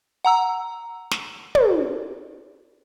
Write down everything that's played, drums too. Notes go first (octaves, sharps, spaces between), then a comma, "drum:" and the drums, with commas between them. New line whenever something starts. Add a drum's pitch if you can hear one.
F#5 A#5 E6
drum: snare
drum: tom